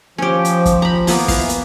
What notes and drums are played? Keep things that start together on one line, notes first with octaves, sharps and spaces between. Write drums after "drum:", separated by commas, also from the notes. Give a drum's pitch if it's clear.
F3 C#4 G4
drum: hi-hat
drum: kick G1, hi-hat
A#5 B5
A#3 B3 F4, drum: open hi-hat
E3 F5, drum: kick G1, open hi-hat
drum: hi-hat